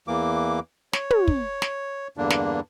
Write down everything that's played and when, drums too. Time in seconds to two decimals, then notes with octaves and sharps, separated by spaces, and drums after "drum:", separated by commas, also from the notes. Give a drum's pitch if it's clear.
0.08 E2 E3 A#3 D6
0.93 C#5, drum: snare
1.10 drum: tom
1.28 drum: kick
1.62 drum: snare
2.17 E2 G2 D3 A#3 D4
2.30 drum: snare